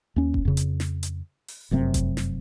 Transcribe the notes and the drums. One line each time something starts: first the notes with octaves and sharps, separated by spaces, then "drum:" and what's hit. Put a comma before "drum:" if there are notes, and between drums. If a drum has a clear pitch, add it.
D#2 C#4
drum: kick F1
F2 C#3
drum: hi-hat
drum: snare
drum: hi-hat
drum: open hi-hat
F1 F#2 C3 C4
drum: kick F1, hi-hat
drum: snare